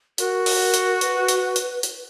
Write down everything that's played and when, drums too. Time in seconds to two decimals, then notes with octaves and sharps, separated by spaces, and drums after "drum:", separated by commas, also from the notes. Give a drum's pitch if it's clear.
0.18 F#4 A#4, drum: hi-hat
0.46 drum: open hi-hat
0.74 drum: hi-hat
1.01 B4, drum: hi-hat
1.28 drum: hi-hat
1.56 drum: hi-hat
1.83 drum: hi-hat